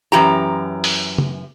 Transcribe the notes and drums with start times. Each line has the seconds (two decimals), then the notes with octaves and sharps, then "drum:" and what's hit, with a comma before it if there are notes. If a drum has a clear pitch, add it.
0.12 F#2 E3 G4 A#5
0.84 drum: open hi-hat
1.18 drum: tom